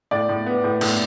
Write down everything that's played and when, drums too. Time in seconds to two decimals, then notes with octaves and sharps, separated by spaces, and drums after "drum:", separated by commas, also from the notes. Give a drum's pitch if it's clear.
0.11 A2 D5
0.29 A2
0.46 B3
0.64 A2
0.81 A2, drum: cymbal